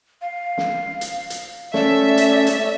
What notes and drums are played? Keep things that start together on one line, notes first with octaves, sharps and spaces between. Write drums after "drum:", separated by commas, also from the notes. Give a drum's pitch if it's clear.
F5
drum: snare
drum: hi-hat
drum: hi-hat
A3 C#4 D5 E5, drum: snare
drum: hi-hat
drum: hi-hat